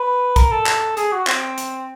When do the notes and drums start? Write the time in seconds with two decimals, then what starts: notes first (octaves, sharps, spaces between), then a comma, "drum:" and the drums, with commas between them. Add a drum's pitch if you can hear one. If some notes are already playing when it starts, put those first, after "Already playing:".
Already playing: B4
0.36 A#4, drum: kick, hi-hat
0.51 A4
0.66 drum: clap
0.97 G#4, drum: hi-hat
1.12 F#4
1.27 C4, drum: clap
1.58 drum: hi-hat